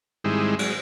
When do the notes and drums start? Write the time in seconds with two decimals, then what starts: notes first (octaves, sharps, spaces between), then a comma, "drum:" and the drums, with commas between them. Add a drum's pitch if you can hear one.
0.24 G#2 D#3 G3 G#3 C4 E4
0.59 F#3 G#3, drum: cymbal